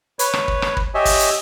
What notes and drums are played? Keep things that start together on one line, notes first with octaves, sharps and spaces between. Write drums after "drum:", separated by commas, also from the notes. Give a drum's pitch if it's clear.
B4 C#5, drum: hi-hat
drum: rim click
drum: kick
drum: rim click
drum: kick
G4 C#5 D#5 E5 G#5
drum: kick, open hi-hat
drum: hi-hat